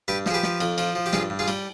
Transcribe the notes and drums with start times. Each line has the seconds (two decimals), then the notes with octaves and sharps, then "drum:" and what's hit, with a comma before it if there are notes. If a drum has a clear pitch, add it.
0.08 G2 G4 B4
0.26 F3 G#4, drum: snare
0.34 G4 B4
0.43 F3, drum: snare
0.60 F2, drum: cymbal
0.78 F3, drum: cymbal
0.95 F3
1.06 G4
1.13 G2 F4 G#4, drum: snare
1.30 G2
1.39 F4 G#4
1.48 G3, drum: cymbal